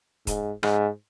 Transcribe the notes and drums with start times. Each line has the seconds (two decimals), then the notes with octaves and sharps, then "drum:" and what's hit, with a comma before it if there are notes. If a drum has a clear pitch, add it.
0.27 G#2, drum: kick D#1, hi-hat
0.63 G#2, drum: rim click